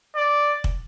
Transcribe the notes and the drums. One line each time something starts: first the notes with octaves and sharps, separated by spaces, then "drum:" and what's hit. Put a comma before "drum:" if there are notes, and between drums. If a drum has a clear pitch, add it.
D5
drum: kick